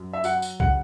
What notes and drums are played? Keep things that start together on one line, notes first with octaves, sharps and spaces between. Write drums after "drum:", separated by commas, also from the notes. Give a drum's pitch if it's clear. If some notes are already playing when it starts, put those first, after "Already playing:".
Already playing: F#2
E5
F#3 F#5, drum: tambourine
drum: tambourine
C#3 F#5, drum: kick C2